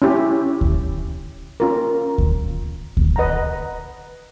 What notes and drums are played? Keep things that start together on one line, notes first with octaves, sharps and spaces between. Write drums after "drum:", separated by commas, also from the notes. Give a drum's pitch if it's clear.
C#4 E4 G4
drum: kick D2
C#4 F4 A#4
drum: kick D2
drum: kick D2
B4 D#5 F#5 A#5